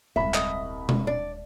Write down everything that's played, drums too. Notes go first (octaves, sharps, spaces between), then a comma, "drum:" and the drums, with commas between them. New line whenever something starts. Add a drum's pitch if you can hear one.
D#1 C2 G#3 E5 B5
D#5, drum: clap
drum: tom
D4 D5